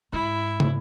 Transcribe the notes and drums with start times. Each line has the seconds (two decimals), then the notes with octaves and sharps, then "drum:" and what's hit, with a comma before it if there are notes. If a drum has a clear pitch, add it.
0.13 G#2 E4
0.60 drum: tom